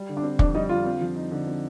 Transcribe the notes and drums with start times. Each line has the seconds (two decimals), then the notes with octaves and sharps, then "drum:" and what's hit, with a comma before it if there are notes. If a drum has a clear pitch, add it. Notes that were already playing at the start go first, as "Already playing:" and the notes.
Already playing: G3
0.09 D3
0.17 D4
0.23 C4
0.39 F2 D4, drum: kick
0.55 G3 D#4
0.69 D3 F4
0.86 C4
1.01 F3
1.16 D#4
1.31 D3
1.47 C4